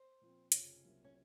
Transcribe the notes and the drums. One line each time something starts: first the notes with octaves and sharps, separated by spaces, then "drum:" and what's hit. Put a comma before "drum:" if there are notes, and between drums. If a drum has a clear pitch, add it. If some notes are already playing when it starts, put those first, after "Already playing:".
Already playing: C5
A#2 F3 C4
F1 F2 C#3 F3 C#4, drum: hi-hat
C2 C3 F#3 A#3 F4
C#4